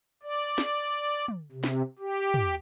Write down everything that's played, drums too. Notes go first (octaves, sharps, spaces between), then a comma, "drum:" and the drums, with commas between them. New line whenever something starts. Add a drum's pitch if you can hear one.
D5
drum: snare
drum: tom
C3
drum: snare
G4
drum: tom